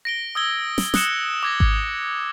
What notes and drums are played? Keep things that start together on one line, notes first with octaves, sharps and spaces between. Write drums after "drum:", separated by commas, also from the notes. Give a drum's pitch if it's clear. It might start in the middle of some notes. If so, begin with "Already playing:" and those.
A#6 D7 G7
D#6 E6 G#6 G7
drum: snare
D#6 F#6 C#7 E7 G7, drum: snare
D6 G#6 A#6
drum: kick G#1